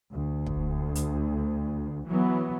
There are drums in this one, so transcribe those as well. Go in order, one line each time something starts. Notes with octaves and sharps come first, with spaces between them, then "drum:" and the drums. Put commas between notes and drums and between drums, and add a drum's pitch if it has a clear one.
D2
drum: kick
drum: hi-hat
E3 F#3 B3